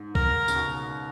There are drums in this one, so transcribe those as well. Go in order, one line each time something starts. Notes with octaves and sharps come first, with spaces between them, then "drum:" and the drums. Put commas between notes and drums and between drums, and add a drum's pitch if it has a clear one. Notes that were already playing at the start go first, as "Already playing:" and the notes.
Already playing: G#2
A#4, drum: kick
C#3, drum: tambourine
B2